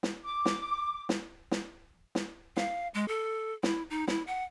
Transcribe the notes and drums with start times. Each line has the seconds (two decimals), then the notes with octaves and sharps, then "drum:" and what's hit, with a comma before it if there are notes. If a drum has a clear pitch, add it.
0.03 drum: snare
0.23 D6
0.45 drum: snare
1.09 drum: snare
1.51 drum: snare
2.15 drum: snare
2.57 F5, drum: snare
2.94 G#3
3.08 A4
3.63 E4, drum: snare
3.90 D#4
4.08 E4, drum: snare
4.27 F#5